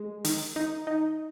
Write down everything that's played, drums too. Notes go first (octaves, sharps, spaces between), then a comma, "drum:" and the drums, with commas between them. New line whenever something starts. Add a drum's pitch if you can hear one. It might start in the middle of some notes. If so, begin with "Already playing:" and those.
Already playing: G#3
D#3, drum: open hi-hat
D#4
D#4